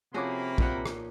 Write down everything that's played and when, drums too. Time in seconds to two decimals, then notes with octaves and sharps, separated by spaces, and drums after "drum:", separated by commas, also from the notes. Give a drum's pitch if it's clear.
0.14 C3 F3 A#3 C#4 F#4 G#4 B5 D6
0.58 A#2 D#4 F#5, drum: kick
0.86 drum: rim click